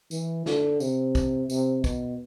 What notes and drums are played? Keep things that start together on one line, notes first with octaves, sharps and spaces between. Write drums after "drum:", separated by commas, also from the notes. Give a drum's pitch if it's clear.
E3, drum: tambourine
D3, drum: snare
C3, drum: tambourine
drum: kick, tambourine
C3, drum: tambourine
B2, drum: kick, tambourine